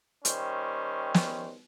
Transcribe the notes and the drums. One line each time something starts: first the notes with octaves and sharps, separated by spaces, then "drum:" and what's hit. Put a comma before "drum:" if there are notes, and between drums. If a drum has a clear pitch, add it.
D#3 G3 C#4 C5, drum: hi-hat
drum: snare